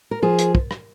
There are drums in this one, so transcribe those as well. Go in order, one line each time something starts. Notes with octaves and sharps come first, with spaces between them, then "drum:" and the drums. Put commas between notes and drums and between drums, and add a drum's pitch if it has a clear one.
A#4
F3 G#4
drum: hi-hat
drum: kick
drum: rim click